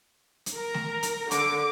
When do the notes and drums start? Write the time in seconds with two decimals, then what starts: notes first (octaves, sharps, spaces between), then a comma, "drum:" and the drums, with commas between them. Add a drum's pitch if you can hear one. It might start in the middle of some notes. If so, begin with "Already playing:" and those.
0.46 drum: hi-hat
0.55 A#4 A#5
0.74 drum: snare
1.03 drum: hi-hat
1.31 D3 D6, drum: hi-hat